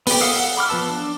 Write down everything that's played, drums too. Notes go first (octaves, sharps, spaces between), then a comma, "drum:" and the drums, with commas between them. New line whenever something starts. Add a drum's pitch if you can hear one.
B3 G4, drum: open hi-hat
A4 A#4 F5 F#5 D#6
A4 F#5
B5 D6 F6
F3 B3 B4 A5 E6
D4